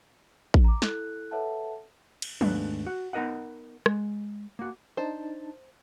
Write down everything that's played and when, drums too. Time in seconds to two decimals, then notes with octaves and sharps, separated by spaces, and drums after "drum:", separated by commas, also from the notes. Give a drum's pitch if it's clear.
0.54 drum: kick A1
0.64 A#5 D6
0.82 E4 A4 F#6, drum: snare
1.31 A4 B4 C#5 E5 F#5 A5
2.22 drum: cymbal
2.41 D#2 G#2 A3 B3 D4, drum: tom
2.87 F#4
3.13 B3 D#4 A#4 D#5 F#5
3.86 G#3, drum: rim click
4.59 A#3 F#4
4.97 D4 D#4 C5 A5